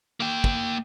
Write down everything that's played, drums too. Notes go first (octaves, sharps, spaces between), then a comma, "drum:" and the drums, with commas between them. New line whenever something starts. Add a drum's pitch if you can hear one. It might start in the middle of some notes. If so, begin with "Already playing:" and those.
A#3 G5
drum: kick